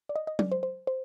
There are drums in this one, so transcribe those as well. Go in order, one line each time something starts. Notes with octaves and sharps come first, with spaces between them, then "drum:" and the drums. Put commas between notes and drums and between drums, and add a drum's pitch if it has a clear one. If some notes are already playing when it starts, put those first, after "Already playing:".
D5
D#5
D#5
D5, drum: tom
C5
C5
C5